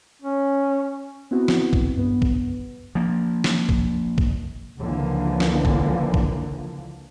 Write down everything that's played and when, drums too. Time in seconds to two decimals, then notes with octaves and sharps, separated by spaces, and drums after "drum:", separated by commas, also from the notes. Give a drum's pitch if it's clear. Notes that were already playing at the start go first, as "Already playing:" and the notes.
0.22 C#4
1.31 B3 C4 E4 F#4
1.48 drum: snare
1.73 drum: kick
1.96 G2 B3
2.22 drum: kick
2.95 F3 A#3
3.44 drum: snare
3.69 drum: kick
4.18 drum: kick
4.81 C#2 D3 E3 F3 A#3
5.40 drum: snare
5.65 drum: kick
6.14 drum: kick